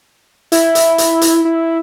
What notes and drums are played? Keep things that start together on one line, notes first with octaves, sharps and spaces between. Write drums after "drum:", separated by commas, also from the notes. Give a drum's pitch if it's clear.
E4, drum: hi-hat
drum: hi-hat
drum: hi-hat
drum: hi-hat
E4